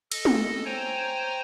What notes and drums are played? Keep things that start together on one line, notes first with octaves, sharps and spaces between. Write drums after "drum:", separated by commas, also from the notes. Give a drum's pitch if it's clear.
A4 D#5, drum: cymbal
drum: tom
C5 C#5 G5 G#5 A#5